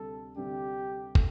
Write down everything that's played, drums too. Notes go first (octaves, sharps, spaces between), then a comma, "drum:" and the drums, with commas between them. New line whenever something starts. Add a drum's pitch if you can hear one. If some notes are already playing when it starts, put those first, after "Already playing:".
Already playing: D2 C3 G3 A4
D2 C3 G3 D4 G4
A3, drum: kick